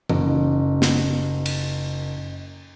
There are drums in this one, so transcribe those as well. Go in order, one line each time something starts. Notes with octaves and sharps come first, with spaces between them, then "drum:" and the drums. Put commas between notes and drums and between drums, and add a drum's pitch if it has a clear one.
F#1 D#4, drum: tom E3
drum: snare
drum: cymbal